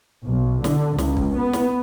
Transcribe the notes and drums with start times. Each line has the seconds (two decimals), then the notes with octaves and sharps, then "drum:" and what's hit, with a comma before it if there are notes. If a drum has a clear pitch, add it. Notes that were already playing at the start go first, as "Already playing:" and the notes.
0.25 B1
0.64 D3, drum: snare
0.98 C#2, drum: snare
1.17 drum: kick
1.36 B3
1.53 drum: snare